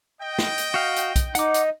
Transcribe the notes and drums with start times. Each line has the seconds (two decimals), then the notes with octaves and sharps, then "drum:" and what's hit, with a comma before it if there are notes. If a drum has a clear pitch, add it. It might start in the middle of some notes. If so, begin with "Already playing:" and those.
0.21 D#5 G5
0.39 drum: snare
0.58 drum: hi-hat
0.74 F#4 F5
0.96 drum: hi-hat
1.16 drum: kick B1, hi-hat
1.35 D#4 F#5 D6, drum: hi-hat
1.54 drum: hi-hat